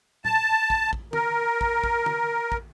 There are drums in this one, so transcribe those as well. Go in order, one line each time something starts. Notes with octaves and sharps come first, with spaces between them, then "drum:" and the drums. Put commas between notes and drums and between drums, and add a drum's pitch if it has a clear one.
A5, drum: tom
drum: kick
drum: kick
A#4, drum: tom
drum: kick
drum: kick
drum: tom
drum: kick